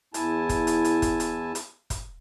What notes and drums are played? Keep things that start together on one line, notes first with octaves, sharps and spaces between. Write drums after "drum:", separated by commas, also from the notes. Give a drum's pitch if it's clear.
E2 E4 G#5 A5, drum: hi-hat
drum: kick, hi-hat
drum: hi-hat
drum: hi-hat
drum: kick, hi-hat
drum: hi-hat
drum: hi-hat
drum: kick, hi-hat